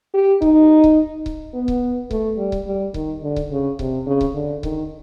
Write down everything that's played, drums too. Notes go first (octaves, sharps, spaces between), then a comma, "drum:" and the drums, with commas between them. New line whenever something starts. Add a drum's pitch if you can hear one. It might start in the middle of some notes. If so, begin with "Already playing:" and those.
G4
D#4, drum: kick C#1
drum: kick C#1
drum: kick C#1
B3
drum: kick C#1
A3, drum: kick C#1
G3
drum: kick C#1
G3
D#3, drum: kick C#1
D3
drum: kick C#1
C#3
C3, drum: kick C#1
C#3
drum: kick C#1
D3
D#3, drum: kick C#1